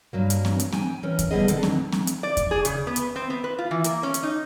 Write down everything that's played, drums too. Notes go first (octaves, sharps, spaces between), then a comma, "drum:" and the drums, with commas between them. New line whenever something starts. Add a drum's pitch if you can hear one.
G2 F#3 A#3
drum: hi-hat
drum: snare C4
drum: hi-hat
G5 G#5, drum: snare C4
E3 C#4 A#4
drum: kick E2, hi-hat
D3 G3 A3 B3 G#4 D#5
D3 D#3 C4 A4, drum: hi-hat
drum: snare C4
drum: snare C4
drum: hi-hat
D5
drum: kick E2, hi-hat
G#4
C#3, drum: hi-hat
B3
drum: hi-hat
C4
B3
B4
F4
E3
A#3, drum: hi-hat
C#4
drum: hi-hat
D#4